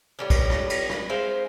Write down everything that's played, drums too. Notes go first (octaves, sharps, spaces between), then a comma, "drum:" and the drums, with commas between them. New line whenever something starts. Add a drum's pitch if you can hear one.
A2 G3 C#4
drum: kick, cymbal
drum: rim click
drum: cymbal
drum: rim click
G#3 C5 E5 F5